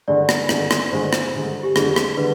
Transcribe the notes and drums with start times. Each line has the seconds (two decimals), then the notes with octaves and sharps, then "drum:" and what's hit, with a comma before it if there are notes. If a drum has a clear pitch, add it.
0.08 G2 D3 G#3 D5
0.29 drum: rim click
0.49 G2 D3 G#3, drum: rim click
0.71 drum: rim click
0.91 G2 D3 G#3 C5
1.13 drum: rim click
1.34 G2 D3 G#3
1.63 G4
1.76 F2 D3 G3 D4 G#4, drum: rim click
1.96 drum: rim click
2.17 D3 G3 D4 B4